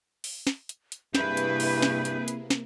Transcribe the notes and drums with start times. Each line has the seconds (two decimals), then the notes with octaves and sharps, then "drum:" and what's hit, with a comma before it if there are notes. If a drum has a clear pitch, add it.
0.24 drum: open hi-hat
0.47 drum: snare
0.69 drum: hi-hat
0.92 drum: hi-hat
1.15 G2 C3 A#3 E4 G#4 B4 G6, drum: snare
1.37 drum: hi-hat
1.60 drum: open hi-hat
1.82 drum: snare
2.05 drum: hi-hat
2.28 drum: hi-hat
2.50 drum: snare